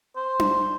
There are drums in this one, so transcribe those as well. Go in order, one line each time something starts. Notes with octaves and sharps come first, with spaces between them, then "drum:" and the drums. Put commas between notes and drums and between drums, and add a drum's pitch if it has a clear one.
C5
drum: tom D4